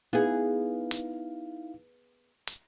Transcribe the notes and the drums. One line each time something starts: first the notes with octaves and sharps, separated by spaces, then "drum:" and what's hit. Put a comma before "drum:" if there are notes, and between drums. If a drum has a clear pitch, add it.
B3 D#4 E4 G#4 F5
drum: hi-hat
drum: hi-hat